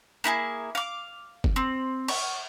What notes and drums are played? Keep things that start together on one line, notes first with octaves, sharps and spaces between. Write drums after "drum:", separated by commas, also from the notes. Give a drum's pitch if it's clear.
A#3 E4 F#4 G#4
F5 D6
drum: kick F#1
C4
C#6, drum: cymbal